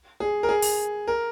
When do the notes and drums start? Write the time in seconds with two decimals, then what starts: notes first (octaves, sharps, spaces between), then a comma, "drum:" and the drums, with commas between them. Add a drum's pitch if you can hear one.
0.20 G#4
0.43 A#4
0.49 G#4
0.62 drum: open hi-hat
1.08 A#4